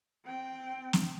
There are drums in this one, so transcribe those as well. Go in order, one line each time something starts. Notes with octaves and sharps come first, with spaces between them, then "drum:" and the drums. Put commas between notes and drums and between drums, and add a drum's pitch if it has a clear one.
C4 G5
drum: snare